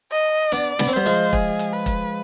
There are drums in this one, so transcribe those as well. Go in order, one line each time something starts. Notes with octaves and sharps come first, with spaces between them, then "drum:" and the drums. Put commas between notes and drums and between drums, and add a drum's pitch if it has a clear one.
D#5
B3 D4 D5, drum: hi-hat
B3, drum: snare
C4
G3 B3 C5
F3 G#3, drum: hi-hat
G#4, drum: kick E1
drum: hi-hat
B4
drum: kick E1, hi-hat